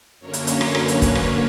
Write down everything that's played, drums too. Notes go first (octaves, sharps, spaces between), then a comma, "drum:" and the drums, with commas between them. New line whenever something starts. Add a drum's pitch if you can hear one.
F#2 D3 F#3 A#3 C#4 C#5
drum: hi-hat
drum: hi-hat
drum: rim click
B4, drum: rim click
drum: hi-hat
drum: kick, hi-hat
drum: rim click